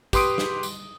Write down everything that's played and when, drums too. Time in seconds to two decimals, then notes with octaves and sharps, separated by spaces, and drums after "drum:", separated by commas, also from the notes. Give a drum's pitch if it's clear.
0.13 G4 B4 C6 D#6 D7, drum: kick, tambourine
0.38 drum: snare
0.63 drum: tambourine